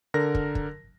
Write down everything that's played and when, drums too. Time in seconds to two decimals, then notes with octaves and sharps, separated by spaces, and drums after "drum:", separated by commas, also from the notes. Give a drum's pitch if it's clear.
0.14 D3 A#4 A#6
0.35 drum: kick
0.55 drum: kick